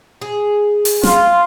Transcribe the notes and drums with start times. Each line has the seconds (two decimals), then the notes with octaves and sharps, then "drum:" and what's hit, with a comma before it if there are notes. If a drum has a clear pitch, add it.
0.21 G#4
0.85 drum: open hi-hat
1.03 F4, drum: snare